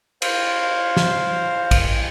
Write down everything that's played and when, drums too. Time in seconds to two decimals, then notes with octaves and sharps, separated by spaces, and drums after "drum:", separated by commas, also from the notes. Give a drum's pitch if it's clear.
0.22 C5 F5, drum: cymbal
0.97 drum: snare
1.71 drum: kick, cymbal